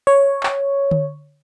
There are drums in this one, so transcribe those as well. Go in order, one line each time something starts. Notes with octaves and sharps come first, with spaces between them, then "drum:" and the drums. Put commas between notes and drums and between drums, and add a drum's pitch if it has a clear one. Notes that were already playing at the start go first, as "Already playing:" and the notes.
C#5
drum: clap
drum: tom D3